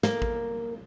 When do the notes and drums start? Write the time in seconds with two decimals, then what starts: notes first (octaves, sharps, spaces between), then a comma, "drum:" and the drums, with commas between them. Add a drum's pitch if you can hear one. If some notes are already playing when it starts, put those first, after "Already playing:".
0.03 A#3, drum: snare
0.22 drum: kick